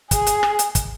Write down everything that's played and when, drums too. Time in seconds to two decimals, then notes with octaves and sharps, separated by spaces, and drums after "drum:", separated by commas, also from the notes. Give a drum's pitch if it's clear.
0.11 G#4, drum: kick, hi-hat
0.27 drum: hi-hat
0.43 drum: rim click
0.59 drum: hi-hat
0.75 drum: kick, hi-hat